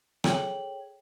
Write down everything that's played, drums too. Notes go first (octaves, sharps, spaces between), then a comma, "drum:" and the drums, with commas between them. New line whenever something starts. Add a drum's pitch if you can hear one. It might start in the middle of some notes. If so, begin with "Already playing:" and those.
G#4 A4 C#5 G5 G#6 F#7, drum: rim click